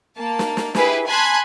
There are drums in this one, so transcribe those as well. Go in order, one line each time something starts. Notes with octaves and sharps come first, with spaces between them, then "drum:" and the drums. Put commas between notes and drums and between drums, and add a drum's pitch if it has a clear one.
A#3 A5
drum: snare
drum: snare
E4 G4 G#4 B4 E5, drum: snare
G#5 A5 B5 C6 F#6 G#6